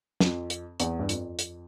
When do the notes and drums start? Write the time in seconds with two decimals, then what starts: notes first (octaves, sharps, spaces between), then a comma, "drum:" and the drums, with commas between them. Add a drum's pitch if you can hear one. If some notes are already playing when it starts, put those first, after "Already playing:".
0.20 F2, drum: snare
0.50 drum: hi-hat
0.80 E2, drum: hi-hat
0.99 G2
1.09 F2, drum: hi-hat
1.39 drum: hi-hat